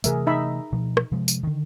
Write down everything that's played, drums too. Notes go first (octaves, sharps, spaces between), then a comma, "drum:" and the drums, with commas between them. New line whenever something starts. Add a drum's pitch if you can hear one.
C3 E3 A3 G#4 A#4 E5, drum: tambourine
D#4 E5 B5
B2 F3
drum: rim click
C3 F3 G#3
drum: tambourine
D3 D#3